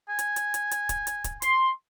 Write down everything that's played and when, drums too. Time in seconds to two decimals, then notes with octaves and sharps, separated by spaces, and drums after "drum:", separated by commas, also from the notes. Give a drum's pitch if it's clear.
0.09 G#5
0.19 drum: hi-hat
0.36 drum: hi-hat
0.54 drum: hi-hat
0.71 drum: hi-hat
0.89 drum: kick D1, hi-hat
1.07 drum: hi-hat
1.24 drum: kick D1, hi-hat
1.42 C6, drum: hi-hat